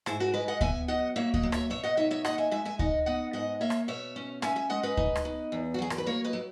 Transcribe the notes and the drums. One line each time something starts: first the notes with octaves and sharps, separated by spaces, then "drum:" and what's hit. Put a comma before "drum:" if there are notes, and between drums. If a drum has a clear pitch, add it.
G#2 E4 G#4, drum: rim click
F#4 A#4
G#3 B4 D#5
D#5 F#5
B3 E5 G#5, drum: kick D2
F#3 D#5 F#5
A#3 C#5 E5
D#5 F#5, drum: kick D2
F#3
C#5 E5, drum: rim click
B2 C#5 E5
D#5 F#5
D#4 C#5 E5
C#5 E5
D#2 D#5 F#5, drum: rim click
E5 G#5
G#3 E5 G#5
E5 G#5
D#4 D#5 F#5, drum: kick D2
B3 D#5 F#5
G#2 D#5 F#5
A#3 C#5 E5
drum: rim click
B2 C#5 E5
C#4
C#4 E5 G#5, drum: rim click
E5 G#5
G#3 D#5 F#5
B4 D#5
D#4, drum: kick D2
drum: rim click
B3
E2
F#4
F#3 G#4
A#4, drum: rim click
B4
A#3 A#4 C#5
B4 D#5
F#3